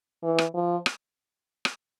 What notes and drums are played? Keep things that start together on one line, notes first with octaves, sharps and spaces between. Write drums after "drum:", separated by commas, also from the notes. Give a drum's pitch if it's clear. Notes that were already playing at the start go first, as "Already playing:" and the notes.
E3
drum: rim click
F3
drum: rim click
drum: rim click